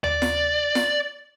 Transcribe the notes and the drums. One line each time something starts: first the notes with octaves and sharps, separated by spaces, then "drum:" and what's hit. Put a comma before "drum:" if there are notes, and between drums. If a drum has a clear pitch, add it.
D5, drum: tom D#2
drum: snare
drum: snare